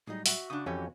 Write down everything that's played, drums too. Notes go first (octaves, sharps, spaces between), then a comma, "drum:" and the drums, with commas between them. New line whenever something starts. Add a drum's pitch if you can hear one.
A2 F#3 G3 D#4 G#4 D#5
F#4 E5 F#5, drum: open hi-hat
C#3 D4 F#5 D#6
F2 E3 C#4 G4 A4 F5 G#5